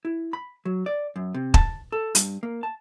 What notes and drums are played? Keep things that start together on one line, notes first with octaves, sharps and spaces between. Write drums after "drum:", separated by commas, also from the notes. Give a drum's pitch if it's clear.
E4
B5
F#3
D5
F#2
C3
A5, drum: kick
A4
G2, drum: hi-hat
A#3
A5